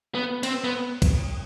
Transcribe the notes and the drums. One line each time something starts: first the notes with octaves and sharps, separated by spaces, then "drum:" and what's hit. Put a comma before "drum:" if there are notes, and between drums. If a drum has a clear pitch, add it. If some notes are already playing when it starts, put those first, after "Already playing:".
B3
C4, drum: cymbal
B3
drum: kick, cymbal